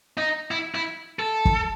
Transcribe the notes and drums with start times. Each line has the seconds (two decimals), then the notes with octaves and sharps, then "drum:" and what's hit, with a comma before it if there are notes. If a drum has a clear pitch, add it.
0.17 D#4
0.51 E4
0.75 E4
1.19 A4
1.45 drum: kick